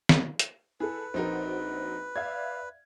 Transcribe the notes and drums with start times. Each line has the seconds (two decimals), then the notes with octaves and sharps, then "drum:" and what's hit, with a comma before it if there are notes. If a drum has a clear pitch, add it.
0.09 drum: snare
0.39 drum: hi-hat
0.80 E4 G#4 A4 B4
1.14 A#1 C4 D#4 F#4 A#4
2.16 D5 E5 F5 G#6